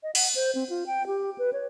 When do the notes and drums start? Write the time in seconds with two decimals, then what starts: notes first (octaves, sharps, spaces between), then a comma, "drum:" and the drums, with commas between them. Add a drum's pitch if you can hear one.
0.03 D#5
0.15 F#5, drum: open hi-hat
0.35 C5
0.55 C4
0.70 F4
0.86 G5
1.07 G4
1.38 B4
1.53 C#5